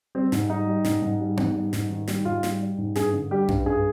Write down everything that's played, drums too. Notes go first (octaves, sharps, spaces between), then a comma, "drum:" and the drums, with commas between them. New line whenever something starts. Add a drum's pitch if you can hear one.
G3 C4
G#2, drum: snare
G3 D#4
G3
G#2, drum: snare
G#2
G3
G#2, drum: tom B3
G3
G#2, drum: snare
D#3
G3, drum: snare
G#2 F4
G3, drum: snare
G3
G#2
G2 G#4, drum: snare
D3
G3 G4
G2, drum: tom F#2
G2 G#4